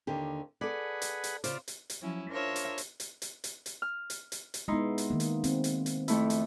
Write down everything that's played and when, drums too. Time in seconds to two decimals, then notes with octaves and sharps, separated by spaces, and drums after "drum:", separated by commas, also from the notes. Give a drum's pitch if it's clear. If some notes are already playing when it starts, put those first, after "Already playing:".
0.07 D#2 D3 G4
0.61 G#4 A4 B4 D5 F#5
1.02 drum: hi-hat
1.24 drum: hi-hat
1.44 C#3 F4 C5 D5, drum: hi-hat
1.68 drum: hi-hat
1.90 drum: hi-hat
2.00 F3 F#3 C#4 E4
2.30 D4 F4 A#4 C5 C#5 E5
2.56 drum: hi-hat
2.78 drum: hi-hat
3.00 drum: hi-hat
3.22 drum: hi-hat
3.44 drum: hi-hat
3.66 drum: hi-hat
3.82 F6
4.10 drum: hi-hat
4.32 drum: hi-hat
4.54 drum: hi-hat
4.68 G#3 B3 D#4 E4 C6
4.98 drum: hi-hat
5.10 D#3 A#3
5.20 drum: hi-hat
5.44 C4, drum: hi-hat
5.64 drum: hi-hat
5.86 drum: hi-hat
6.08 F2 A3 E4, drum: hi-hat
6.30 drum: hi-hat